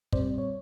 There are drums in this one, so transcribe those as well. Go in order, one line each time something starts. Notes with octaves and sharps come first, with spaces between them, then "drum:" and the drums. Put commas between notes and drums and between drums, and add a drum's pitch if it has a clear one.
A#2 G3 C4 C5 D5, drum: kick
C#5